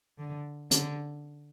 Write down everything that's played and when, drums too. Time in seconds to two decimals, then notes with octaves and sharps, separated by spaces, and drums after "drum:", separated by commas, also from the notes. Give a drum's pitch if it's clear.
0.18 D3
0.71 D3, drum: hi-hat